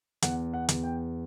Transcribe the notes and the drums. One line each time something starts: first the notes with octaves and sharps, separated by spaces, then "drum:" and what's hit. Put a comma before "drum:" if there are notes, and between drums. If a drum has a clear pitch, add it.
E2 F#5, drum: hi-hat
F#5
E2, drum: hi-hat
G5